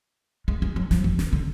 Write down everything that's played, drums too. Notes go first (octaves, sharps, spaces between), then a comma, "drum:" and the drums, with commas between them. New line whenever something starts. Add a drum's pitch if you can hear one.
G#3
G#3
F#3
F3, drum: snare
E3, drum: kick G1
D#3, drum: snare
D3